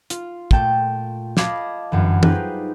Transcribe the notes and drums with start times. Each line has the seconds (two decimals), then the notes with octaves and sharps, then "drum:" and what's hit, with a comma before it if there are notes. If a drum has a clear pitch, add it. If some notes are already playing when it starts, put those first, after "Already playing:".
0.10 F4, drum: hi-hat
0.51 A#2 A3 G5 A5, drum: kick
1.37 D#5 F5 A5 B5 D6 G#6, drum: snare
1.92 G1 F#2 E3
2.23 D#4 F4 G4 G#4 B4 C5, drum: tom